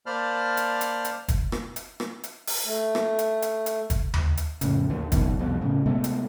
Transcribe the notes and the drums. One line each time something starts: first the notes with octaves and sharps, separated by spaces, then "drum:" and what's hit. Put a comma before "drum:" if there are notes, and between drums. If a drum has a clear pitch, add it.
A#3 C5 D5 A5 B5 F6
drum: hi-hat
drum: hi-hat
drum: hi-hat
drum: kick, hi-hat
drum: rim click
drum: hi-hat
drum: rim click
drum: hi-hat
drum: open hi-hat
A3
drum: rim click
drum: hi-hat
drum: hi-hat
drum: hi-hat
drum: kick, hi-hat
drum: tom D#2
drum: hi-hat
F2 A2 C#3, drum: hi-hat
D#2 D3
F#1 F#2 B2 D#3, drum: kick, hi-hat
C2 F2 B2
A2 C#3
C3 G#3 A3 B3
drum: hi-hat